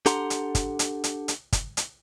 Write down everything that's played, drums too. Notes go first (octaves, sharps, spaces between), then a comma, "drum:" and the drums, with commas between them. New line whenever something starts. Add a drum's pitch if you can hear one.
D4 G4 A4 F#5 A#5 C6, drum: hi-hat
drum: hi-hat
drum: kick G1, hi-hat
drum: hi-hat
drum: hi-hat
drum: hi-hat
drum: kick G1, hi-hat
drum: hi-hat